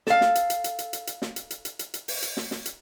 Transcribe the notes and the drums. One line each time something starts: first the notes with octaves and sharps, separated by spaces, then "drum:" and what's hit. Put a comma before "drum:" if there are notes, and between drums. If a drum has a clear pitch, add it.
A4 F5, drum: snare
drum: snare
drum: hi-hat
drum: hi-hat
drum: hi-hat
drum: hi-hat
drum: hi-hat
drum: hi-hat
drum: snare
drum: hi-hat
drum: hi-hat
drum: hi-hat
drum: hi-hat
drum: hi-hat
drum: open hi-hat
drum: hi-hat
drum: snare
drum: snare
drum: hi-hat